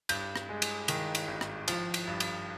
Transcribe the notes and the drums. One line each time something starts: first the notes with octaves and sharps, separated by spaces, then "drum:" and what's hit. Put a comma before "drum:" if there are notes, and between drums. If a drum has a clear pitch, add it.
G2 G6, drum: cymbal
drum: rim click
G#3
drum: cymbal
D#3, drum: cymbal
drum: cymbal
G#1
drum: rim click
F3, drum: cymbal
drum: cymbal
G2
drum: cymbal